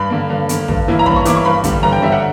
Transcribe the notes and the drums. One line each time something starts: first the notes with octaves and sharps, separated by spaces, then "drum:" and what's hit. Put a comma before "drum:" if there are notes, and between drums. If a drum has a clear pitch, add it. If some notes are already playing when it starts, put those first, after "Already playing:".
Already playing: G2 B5
D3 A#3
G2
D3 A#3, drum: hi-hat
G2, drum: kick
E3 A#3 E4
A#5
G2 B5, drum: kick
C#6
E3 A#3 E4 D6, drum: hi-hat
C#6
G2 B5
D3 G3, drum: kick, hi-hat
G2 A#5
G5
D3 G3 E5
F#5